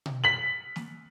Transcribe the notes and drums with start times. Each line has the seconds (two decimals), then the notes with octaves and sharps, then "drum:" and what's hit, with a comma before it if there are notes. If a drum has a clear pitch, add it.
0.06 drum: tom B2
0.24 B6 F#7
0.76 drum: snare